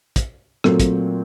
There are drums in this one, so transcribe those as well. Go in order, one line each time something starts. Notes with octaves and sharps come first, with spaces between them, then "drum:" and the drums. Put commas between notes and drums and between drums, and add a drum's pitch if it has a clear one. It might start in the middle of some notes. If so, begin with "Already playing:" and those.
drum: kick, hi-hat
A#2 F#3 A3 C4, drum: rim click
drum: kick, hi-hat